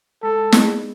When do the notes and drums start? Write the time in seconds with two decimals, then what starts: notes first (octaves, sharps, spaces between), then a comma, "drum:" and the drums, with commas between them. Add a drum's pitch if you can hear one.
0.23 G#3 A4
0.52 B3 E4 G#4, drum: snare